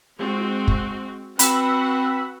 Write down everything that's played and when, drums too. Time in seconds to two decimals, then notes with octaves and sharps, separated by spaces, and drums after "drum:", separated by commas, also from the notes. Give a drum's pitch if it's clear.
0.17 G#3 C4 F#4
0.68 drum: kick
1.39 C4 F#4 B4 F#5 B5 E6, drum: hi-hat